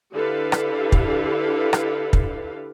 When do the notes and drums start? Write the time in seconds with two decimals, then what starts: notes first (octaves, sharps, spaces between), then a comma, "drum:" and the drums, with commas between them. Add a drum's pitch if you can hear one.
0.12 D3 E4 G4 A4 B4 F5
0.52 drum: rim click
0.92 drum: kick
1.73 drum: rim click
2.13 drum: kick